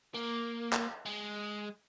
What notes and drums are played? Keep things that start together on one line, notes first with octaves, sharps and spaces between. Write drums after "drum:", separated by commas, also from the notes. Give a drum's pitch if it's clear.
A#3
drum: clap
G#3